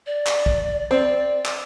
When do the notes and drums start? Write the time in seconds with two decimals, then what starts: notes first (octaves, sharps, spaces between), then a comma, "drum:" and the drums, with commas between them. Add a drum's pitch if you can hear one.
0.07 D5
0.26 drum: clap
0.46 drum: kick
0.91 C4 D5
1.45 drum: clap